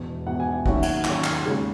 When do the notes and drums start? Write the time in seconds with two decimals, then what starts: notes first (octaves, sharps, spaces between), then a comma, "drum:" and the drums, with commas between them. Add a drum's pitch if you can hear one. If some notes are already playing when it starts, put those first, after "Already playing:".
Already playing: E1 E2 B2
0.27 E1 E2 B2 F#5
0.40 G#5
0.52 G#5
0.66 D#2 D#3 F#3 C#4 F#5, drum: kick
0.74 E5
0.83 F#5, drum: cymbal
1.04 D#2 D#3 F#3 C#4, drum: clap
1.24 drum: clap
1.44 D#2 C#3 G#3 C#4